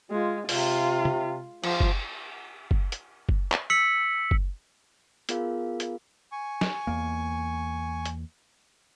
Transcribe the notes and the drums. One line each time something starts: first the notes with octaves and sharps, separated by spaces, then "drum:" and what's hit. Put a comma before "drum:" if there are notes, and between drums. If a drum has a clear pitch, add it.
G#3 F4
C3 F4, drum: open hi-hat
drum: tom C3
F3, drum: cymbal
drum: kick F#1
drum: kick F#1
drum: hi-hat
drum: kick F#1
drum: clap
E6 B6 C#7 F#7
drum: kick F#1
B3 F4 G#4 A#4 F5, drum: hi-hat
drum: hi-hat
G#5 C#6
drum: snare
E2 A#3
drum: hi-hat